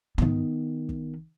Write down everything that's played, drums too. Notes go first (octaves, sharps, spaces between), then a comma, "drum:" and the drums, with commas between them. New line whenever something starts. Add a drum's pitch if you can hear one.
D#3 B3, drum: tom
drum: kick